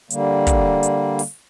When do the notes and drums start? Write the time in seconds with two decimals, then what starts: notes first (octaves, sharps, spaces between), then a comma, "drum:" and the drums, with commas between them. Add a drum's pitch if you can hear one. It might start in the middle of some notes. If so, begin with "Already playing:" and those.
0.10 D3 G3 A#3, drum: hi-hat
0.47 drum: kick, hi-hat
0.83 drum: hi-hat
1.19 drum: open hi-hat